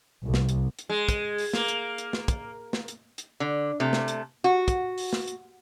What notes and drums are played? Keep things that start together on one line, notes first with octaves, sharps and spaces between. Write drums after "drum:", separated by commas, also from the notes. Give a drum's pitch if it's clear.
C2
drum: snare
drum: hi-hat
drum: hi-hat
G#3
drum: kick, hi-hat
drum: open hi-hat
A#3, drum: snare
drum: hi-hat
drum: hi-hat
drum: snare
drum: kick, hi-hat
drum: snare
drum: hi-hat
drum: hi-hat
D3
C3 A3
drum: snare
drum: hi-hat
F#4
drum: kick, hi-hat
drum: open hi-hat
drum: snare
drum: hi-hat